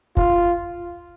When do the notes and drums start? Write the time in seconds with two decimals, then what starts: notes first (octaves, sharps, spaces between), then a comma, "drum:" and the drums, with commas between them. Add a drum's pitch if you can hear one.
0.17 F4, drum: kick